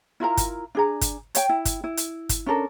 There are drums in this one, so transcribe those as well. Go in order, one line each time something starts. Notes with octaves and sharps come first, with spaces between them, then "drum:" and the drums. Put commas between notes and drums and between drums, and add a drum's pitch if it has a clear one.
E4 F4 A#4 A#5
drum: kick, hi-hat
D4 G#4 A#5
drum: kick, hi-hat
C#5 G5, drum: hi-hat
E4
drum: kick, hi-hat
E4
drum: hi-hat
drum: kick, hi-hat
C#4 D4 A4 A#4